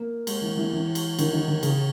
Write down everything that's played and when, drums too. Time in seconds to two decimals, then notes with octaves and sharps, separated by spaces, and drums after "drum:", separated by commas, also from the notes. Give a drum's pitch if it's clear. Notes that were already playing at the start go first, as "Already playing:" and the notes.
Already playing: A#3
0.27 G#3, drum: cymbal
0.42 E3
0.57 E3
0.73 E3
0.95 drum: cymbal
1.19 D#3, drum: cymbal
1.33 D#3
1.48 D#3
1.63 C#3, drum: cymbal